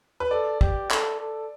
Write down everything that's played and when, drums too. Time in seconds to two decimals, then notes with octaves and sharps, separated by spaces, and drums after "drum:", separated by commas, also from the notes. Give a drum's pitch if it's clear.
0.20 B4
0.31 A4 D5
0.61 G4, drum: kick
0.91 A4, drum: clap
1.20 A4